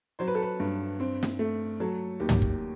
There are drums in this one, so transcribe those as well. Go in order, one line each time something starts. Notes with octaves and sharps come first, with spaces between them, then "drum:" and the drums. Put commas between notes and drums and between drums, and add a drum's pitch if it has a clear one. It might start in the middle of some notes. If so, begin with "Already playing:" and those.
F#3 C5
B4
A4
B4
G2
C4
drum: snare
A3
F#3 A4
D#2 G4
drum: tom
drum: kick